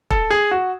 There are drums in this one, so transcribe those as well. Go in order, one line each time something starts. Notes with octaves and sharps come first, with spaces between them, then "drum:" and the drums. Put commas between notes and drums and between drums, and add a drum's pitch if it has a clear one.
A4, drum: kick
G#4
F#4